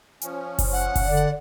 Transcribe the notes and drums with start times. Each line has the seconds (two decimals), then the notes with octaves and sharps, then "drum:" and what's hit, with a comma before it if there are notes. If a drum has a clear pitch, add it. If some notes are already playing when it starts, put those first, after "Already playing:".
0.21 F3 C#4, drum: hi-hat
0.59 drum: kick F#1, open hi-hat
0.73 F#5
0.96 drum: kick F#1, open hi-hat
1.06 D3 D5